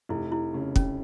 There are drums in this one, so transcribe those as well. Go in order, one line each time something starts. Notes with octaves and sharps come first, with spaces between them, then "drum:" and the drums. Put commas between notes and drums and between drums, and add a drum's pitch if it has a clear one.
F1 E4
E4
C#3
C#4, drum: kick